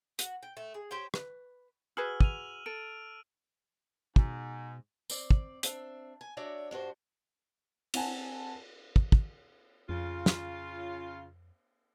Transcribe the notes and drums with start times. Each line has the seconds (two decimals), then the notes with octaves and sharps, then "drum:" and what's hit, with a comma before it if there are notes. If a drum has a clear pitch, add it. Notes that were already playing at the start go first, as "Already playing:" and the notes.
0.19 F#4, drum: hi-hat
0.43 G5
0.57 A3
0.74 G#4
0.91 G4 C5 C#5 G5
1.14 B4, drum: rim click
1.97 F#4 G#4 B4 E6 F6 F#7
2.21 D#7 F7, drum: kick
2.66 A4 D7
4.16 G#2 B2, drum: kick
5.10 C4 D5, drum: tambourine
5.31 drum: kick
5.63 C4 D4 E5, drum: hi-hat
6.21 G#5
6.37 D4 F#4 C#5 D5 E5
6.71 G2 D4 F#4 C5
7.94 C4 F#5 G#5 A5, drum: cymbal
8.96 drum: kick
9.12 drum: kick
9.89 F2 C#3 F4
10.26 drum: snare